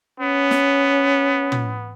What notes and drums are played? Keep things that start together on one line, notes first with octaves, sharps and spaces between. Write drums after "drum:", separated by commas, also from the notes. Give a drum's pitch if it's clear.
B3 C#4
drum: snare
drum: tom